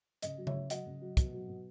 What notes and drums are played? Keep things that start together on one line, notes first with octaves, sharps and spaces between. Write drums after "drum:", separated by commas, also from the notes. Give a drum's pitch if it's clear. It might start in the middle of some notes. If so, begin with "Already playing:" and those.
C#3 D#5, drum: hi-hat
F#3
C#5 E5, drum: tom C#3
C#3
F#3 D#5 F#5, drum: hi-hat
C#3
F#3
B2, drum: kick, hi-hat
F#3
B2